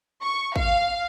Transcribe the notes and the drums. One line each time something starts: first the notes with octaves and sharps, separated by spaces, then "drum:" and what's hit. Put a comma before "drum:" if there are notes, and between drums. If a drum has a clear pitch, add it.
C#6
F5, drum: kick